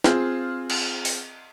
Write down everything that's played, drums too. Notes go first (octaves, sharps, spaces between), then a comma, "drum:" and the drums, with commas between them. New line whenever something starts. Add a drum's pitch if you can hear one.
C4 F4 G#4, drum: snare
drum: cymbal
drum: open hi-hat